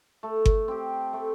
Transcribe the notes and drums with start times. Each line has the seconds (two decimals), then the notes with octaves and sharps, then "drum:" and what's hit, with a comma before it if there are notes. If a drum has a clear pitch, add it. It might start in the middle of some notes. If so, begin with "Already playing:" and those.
0.23 A3
0.46 drum: kick G1
0.68 C4 G4
1.13 A3